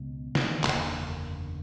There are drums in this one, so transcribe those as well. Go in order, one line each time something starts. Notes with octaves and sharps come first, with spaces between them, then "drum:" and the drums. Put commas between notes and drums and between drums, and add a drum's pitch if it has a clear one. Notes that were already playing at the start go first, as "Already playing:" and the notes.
Already playing: C#2 B2
drum: snare
F#1 E2 D3 A#3, drum: clap